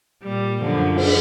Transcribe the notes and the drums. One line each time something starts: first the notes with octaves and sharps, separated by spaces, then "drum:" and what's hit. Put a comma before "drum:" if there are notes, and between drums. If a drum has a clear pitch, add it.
A#2 G3
F#2 D3 F3
drum: cymbal